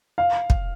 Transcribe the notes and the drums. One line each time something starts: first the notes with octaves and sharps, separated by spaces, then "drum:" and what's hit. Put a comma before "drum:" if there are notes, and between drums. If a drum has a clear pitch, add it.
F5
drum: kick